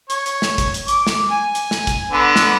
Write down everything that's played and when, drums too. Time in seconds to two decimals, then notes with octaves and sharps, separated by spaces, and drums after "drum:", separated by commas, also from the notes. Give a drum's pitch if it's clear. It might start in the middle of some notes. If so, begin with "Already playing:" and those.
0.10 C#5, drum: hi-hat
0.26 drum: hi-hat
0.42 drum: snare
0.58 drum: kick, hi-hat
0.74 drum: hi-hat
0.88 D6, drum: hi-hat
1.07 drum: snare
1.31 G#5
1.55 drum: hi-hat
1.71 drum: snare
1.87 drum: kick, hi-hat
2.11 D3 B3
2.36 drum: snare